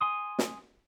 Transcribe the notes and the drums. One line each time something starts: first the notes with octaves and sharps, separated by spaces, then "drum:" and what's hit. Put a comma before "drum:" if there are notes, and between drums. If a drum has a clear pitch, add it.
G#5 C6 D#6
drum: snare